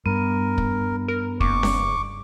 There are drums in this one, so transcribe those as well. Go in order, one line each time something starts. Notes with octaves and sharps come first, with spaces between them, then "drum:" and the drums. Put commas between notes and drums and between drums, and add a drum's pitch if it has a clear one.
G2 B3 A#4
drum: kick
A#4
F#1 C#6 D6, drum: kick
drum: snare C#4